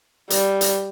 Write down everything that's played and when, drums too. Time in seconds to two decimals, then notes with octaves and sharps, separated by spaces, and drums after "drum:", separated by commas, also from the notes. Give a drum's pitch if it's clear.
0.30 G3, drum: hi-hat
0.61 drum: hi-hat